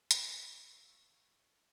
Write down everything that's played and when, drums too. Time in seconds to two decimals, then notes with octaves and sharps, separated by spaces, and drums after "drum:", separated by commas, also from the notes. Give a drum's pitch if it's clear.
0.11 E5 F5 C#6 E6, drum: hi-hat